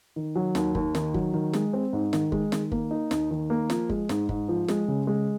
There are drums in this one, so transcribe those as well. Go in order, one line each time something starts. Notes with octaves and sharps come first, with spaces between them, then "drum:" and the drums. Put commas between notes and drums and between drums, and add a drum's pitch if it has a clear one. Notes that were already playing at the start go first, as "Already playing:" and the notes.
D#3
F#3
D#2, drum: snare
D#2, drum: kick
D#3, drum: snare
F#3, drum: kick
D#3
G#3, drum: snare
C4
G#2
D#3, drum: snare
G#3, drum: kick
D#3, drum: snare
A#3, drum: kick
D#4
D#2, drum: snare
D#3
A#3
F3, drum: snare
G#3, drum: kick
G#2, drum: snare
G#2, drum: kick
F3
G#3, drum: snare
C#3
G#3